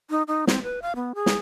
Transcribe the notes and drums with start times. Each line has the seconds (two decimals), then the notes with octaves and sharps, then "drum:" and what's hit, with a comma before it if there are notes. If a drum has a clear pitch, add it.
0.10 D#4
0.28 D#4
0.47 C4, drum: snare
0.64 B4
0.82 F5
0.96 B3
1.15 G#4
1.26 drum: snare